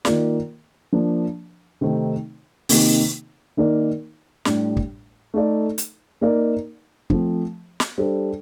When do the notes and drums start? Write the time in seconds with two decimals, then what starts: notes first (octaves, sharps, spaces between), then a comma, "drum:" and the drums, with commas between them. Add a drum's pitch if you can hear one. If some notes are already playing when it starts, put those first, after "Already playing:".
0.05 D#3 A#3 F4 A#4 D5, drum: snare
0.93 F3 A#3 D4
1.81 C3 D#3 A3 C4 D#4
2.69 C3 D#3 A#3 D#4 G4, drum: open hi-hat
3.57 D#3 A#3 D#4 A#4 D5
4.45 A2 G3 D4 G4, drum: snare
4.77 drum: kick
5.34 A3 D#4 A4 D5
5.78 drum: hi-hat
6.21 A#3 D#4 A#4 D5
7.10 F3 A3 C4, drum: kick
7.80 drum: snare
7.98 G3 D4 A4 C5